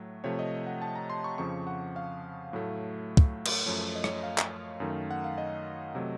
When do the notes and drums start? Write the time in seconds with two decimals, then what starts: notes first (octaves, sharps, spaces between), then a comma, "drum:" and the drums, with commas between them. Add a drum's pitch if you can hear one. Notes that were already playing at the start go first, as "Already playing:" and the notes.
Already playing: A2 F#3 A3
0.24 C3 F3 A3 C#5
0.39 D#5
0.67 F#5
0.82 A5
0.95 A#5
1.10 C6
1.24 C#6
1.38 F2 C#3 F3 C#6
1.67 F#5
1.96 F5
2.53 A2 F#3 A3
3.17 drum: kick
3.46 drum: cymbal
3.66 F#2 F3 A3 C#5
3.95 D#5
4.04 C#5, drum: rim click
4.13 D#5
4.23 F5
4.38 drum: clap
4.80 F#2 D#3 A3
5.11 F#5
5.24 F5
5.38 D#5
5.95 C3 F#3 A3